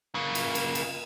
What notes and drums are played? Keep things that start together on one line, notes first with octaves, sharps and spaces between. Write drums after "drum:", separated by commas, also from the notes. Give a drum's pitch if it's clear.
C#3 A#3
drum: cymbal
drum: cymbal
drum: cymbal